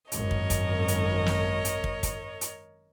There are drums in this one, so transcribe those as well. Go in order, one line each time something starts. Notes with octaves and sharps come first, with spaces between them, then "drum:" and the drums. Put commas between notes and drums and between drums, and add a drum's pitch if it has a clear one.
G#1 F#2 A#4 C#5 D#5, drum: hi-hat
drum: kick
drum: kick, hi-hat
drum: hi-hat
drum: snare
drum: hi-hat
drum: kick
drum: kick, hi-hat
drum: hi-hat